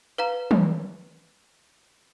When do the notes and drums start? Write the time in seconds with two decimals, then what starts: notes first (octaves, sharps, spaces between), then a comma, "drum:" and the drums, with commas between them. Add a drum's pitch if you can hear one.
0.18 B4 F5 A#5
0.51 drum: tom